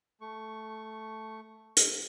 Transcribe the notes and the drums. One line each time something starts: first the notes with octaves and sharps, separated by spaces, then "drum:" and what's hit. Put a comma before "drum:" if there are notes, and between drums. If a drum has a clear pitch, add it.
A3 C#6
drum: hi-hat